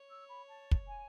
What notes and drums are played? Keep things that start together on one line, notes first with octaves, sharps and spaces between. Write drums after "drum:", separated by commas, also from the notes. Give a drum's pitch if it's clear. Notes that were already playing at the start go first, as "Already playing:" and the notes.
Already playing: C#5
E6
B5
A5
drum: kick
G#5